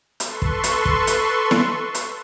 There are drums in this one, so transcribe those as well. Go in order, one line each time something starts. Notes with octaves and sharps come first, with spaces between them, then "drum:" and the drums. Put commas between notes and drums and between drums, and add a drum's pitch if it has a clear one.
A4 B4 C6 C#6, drum: hi-hat
drum: kick
drum: hi-hat
drum: kick
drum: hi-hat
drum: snare E4
drum: hi-hat